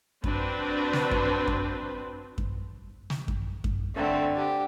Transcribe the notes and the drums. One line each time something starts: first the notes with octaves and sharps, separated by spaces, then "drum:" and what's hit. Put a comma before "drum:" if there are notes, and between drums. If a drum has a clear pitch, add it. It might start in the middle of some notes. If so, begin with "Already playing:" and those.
C4 D4 F#4 B4 C5, drum: kick F#2
drum: snare
drum: kick F#2
drum: kick F#2
drum: kick F#2
drum: snare
drum: kick F#2
drum: kick F#2
D3 A3 C4
G4